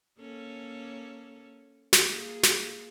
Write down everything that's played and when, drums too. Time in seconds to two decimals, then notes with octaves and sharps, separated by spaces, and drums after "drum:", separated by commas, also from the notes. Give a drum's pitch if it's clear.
0.19 A#3 C#4 A4
1.93 drum: snare
2.05 A#3 F4 G#4
2.43 drum: snare